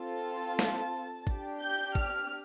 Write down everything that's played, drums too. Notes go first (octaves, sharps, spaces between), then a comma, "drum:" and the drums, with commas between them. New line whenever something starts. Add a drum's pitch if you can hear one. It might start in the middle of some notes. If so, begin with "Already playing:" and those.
Already playing: C4 F4 A4 A5
drum: snare
D4 G4, drum: kick
G6
F6, drum: kick